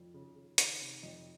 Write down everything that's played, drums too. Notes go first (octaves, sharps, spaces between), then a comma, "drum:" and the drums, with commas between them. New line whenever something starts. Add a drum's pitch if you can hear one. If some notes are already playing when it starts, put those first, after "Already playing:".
Already playing: F2 F3
C#3
C#3
D#3 C#5, drum: hi-hat
C3
F2 D#5